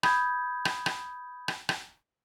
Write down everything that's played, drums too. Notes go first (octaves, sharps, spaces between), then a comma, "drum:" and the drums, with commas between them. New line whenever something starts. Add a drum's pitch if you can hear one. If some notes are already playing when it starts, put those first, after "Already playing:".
B5 D#6 G6 G#6, drum: rim click
drum: rim click
drum: rim click
drum: rim click
drum: rim click